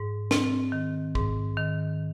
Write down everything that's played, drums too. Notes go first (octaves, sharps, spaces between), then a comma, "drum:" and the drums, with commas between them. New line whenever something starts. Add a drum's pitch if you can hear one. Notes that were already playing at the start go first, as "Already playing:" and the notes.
Already playing: G#2
C4, drum: snare
D#3
G#2, drum: kick
D#3